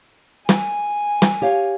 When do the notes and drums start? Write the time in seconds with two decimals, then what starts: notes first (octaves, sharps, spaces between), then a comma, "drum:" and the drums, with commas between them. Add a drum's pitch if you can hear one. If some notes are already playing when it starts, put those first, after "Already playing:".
0.49 G#5, drum: snare
1.22 drum: snare
1.42 G4 C#5 F5